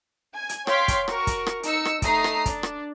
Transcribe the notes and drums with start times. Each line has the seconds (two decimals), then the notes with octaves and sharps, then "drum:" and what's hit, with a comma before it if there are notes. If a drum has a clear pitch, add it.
0.35 G#5
0.49 drum: hi-hat
0.67 C#5 F5 G5 C6 B6 D7, drum: rim click
0.88 drum: kick, hi-hat
1.08 F#4 A#4 C#6, drum: rim click
1.27 drum: kick, hi-hat
1.47 drum: rim click
1.63 D#4 E6 C#7, drum: hi-hat
1.85 drum: rim click
2.02 A3 D#4 A#5 D#6 C7, drum: kick, hi-hat
2.24 drum: rim click
2.46 D4, drum: kick, hi-hat
2.63 drum: rim click